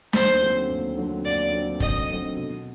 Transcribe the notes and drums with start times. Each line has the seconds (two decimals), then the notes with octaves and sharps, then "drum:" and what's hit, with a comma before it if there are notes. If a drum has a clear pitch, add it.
0.13 D#2 C5, drum: snare
0.41 D3 F#3 A3 C4
0.69 D#2
0.97 D3 F#3 A3 C4
1.25 D#2 D5
1.52 D3 F#3 A3 C4
1.80 D#2 D#5, drum: kick
2.09 D3 F#3 A3 C4
2.36 B2